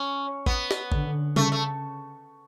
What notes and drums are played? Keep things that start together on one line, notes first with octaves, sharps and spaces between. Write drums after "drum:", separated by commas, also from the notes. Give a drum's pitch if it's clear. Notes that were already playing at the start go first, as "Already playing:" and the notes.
Already playing: C#4
B3, drum: kick A1
drum: snare
D3, drum: kick A1
C#3 A3, drum: tom G3
A3